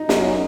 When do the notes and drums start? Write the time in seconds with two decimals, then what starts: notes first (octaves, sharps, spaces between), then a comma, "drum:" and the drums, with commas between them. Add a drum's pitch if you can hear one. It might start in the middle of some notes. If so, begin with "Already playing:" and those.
Already playing: D#4
0.09 F#2, drum: snare